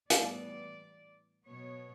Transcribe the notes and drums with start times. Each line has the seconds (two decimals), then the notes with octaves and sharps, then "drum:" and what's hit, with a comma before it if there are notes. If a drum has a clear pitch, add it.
0.10 A2 E3 G3 B3 D5, drum: hi-hat
1.45 B2 F#3 B3 C#5